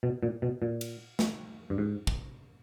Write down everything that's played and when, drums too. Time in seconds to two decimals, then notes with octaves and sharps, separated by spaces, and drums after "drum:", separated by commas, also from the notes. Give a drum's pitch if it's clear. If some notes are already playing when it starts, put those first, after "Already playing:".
0.03 B2
0.23 A#2
0.42 B2
0.62 A#2
0.81 drum: cymbal
1.19 drum: snare
1.70 G2
1.78 G#2
2.07 drum: kick